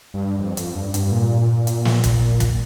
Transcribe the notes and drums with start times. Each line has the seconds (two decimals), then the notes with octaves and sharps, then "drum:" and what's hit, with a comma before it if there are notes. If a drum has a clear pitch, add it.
0.14 G2
0.39 F2
0.57 F2, drum: hi-hat
0.75 G2
0.94 G2, drum: hi-hat
1.12 A#2
1.67 drum: hi-hat
1.85 drum: snare
2.04 drum: kick, hi-hat
2.40 drum: kick, hi-hat